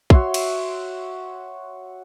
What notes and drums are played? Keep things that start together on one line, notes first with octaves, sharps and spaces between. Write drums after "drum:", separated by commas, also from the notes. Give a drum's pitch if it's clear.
F#4 C#5 E5 C6, drum: kick
drum: cymbal